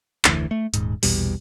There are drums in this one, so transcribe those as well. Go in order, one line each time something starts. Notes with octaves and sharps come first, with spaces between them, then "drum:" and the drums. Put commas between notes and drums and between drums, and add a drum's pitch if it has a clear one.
F1 D2 E3, drum: clap
A3
D#1 G#2, drum: hi-hat
A#1 E2 B2 G3, drum: open hi-hat